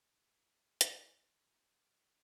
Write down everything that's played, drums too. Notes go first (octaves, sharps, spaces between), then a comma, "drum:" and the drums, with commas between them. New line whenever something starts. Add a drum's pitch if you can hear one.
G#4
D#3
drum: hi-hat
C#3 D#4
F#4 C#5 E5 F#5
G3 F4